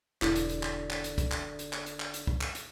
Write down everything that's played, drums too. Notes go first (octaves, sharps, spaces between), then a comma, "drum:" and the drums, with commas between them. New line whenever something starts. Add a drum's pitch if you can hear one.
E1 D3 E4, drum: clap
drum: hi-hat
drum: hi-hat
drum: clap
drum: clap
drum: hi-hat
drum: kick, hi-hat
drum: clap
drum: hi-hat
drum: clap
drum: hi-hat
drum: clap
drum: hi-hat
drum: kick
drum: clap
drum: hi-hat